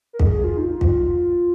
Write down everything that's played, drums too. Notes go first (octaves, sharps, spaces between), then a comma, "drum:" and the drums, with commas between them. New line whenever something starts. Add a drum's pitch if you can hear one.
A#4
G#4, drum: kick
G#4
F4
D#4
F4
drum: kick